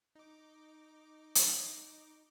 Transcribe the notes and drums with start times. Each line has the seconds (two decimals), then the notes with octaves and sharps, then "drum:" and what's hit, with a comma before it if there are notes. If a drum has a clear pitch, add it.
0.15 D#4 D6
1.35 drum: hi-hat